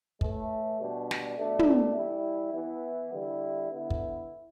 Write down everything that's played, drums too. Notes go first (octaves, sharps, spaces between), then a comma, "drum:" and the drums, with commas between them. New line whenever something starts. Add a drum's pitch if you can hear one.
A2 E3 A3, drum: kick
B2 G3 D4
drum: snare
B2 A3 D4
drum: tom
E3 G3 E4
E3 B3 E4
D3 G3 E4
D3 B3 E4
drum: kick